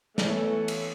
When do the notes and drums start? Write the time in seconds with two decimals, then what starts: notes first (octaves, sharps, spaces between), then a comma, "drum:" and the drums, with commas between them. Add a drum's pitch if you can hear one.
0.18 E3 A3 B3 A4 C#5, drum: snare
0.68 drum: cymbal